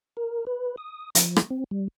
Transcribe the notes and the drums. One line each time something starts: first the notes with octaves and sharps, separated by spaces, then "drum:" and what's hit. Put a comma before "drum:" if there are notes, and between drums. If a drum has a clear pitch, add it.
A#4
B4
D#6
F3, drum: hi-hat
drum: rim click
C4
G3